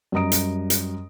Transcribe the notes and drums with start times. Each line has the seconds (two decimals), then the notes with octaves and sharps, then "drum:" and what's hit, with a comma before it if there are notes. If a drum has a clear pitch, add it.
0.12 F#2 G3 D#5 A#5 D#6 D7
0.32 drum: hi-hat
0.70 drum: hi-hat